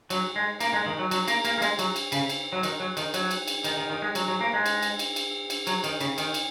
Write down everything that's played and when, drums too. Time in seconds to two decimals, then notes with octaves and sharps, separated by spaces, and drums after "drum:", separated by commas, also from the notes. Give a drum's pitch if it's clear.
0.10 F#3, drum: cymbal
0.36 G#3
0.61 A#3, drum: cymbal
0.74 G#3
0.86 D#3
0.99 F#3
1.11 F#3, drum: cymbal
1.28 A#3, drum: cymbal
1.45 A#3, drum: cymbal
1.58 A#3
1.62 G#3, drum: cymbal
1.79 F#3, drum: cymbal
1.96 drum: cymbal
2.12 C#3, drum: cymbal
2.29 drum: cymbal
2.53 F#3
2.63 D#3, drum: cymbal
2.80 F#3
2.97 D#3, drum: cymbal
3.14 F#3, drum: cymbal
3.31 drum: cymbal
3.48 drum: cymbal
3.64 D#3, drum: cymbal
3.77 D#3
3.90 D#3
4.02 G#3
4.15 F#3, drum: cymbal
4.28 F#3
4.41 A#3
4.54 G#3
4.66 drum: cymbal
4.83 drum: cymbal
4.99 drum: cymbal
5.16 drum: cymbal
5.50 drum: cymbal
5.67 F#3, drum: cymbal
5.84 D#3, drum: cymbal
6.00 C#3, drum: cymbal
6.18 D#3, drum: cymbal
6.34 drum: cymbal